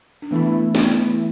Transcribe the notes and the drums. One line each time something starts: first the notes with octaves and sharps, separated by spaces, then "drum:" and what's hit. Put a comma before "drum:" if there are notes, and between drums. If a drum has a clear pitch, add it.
D4
E3 A3 B3 E4
B3, drum: snare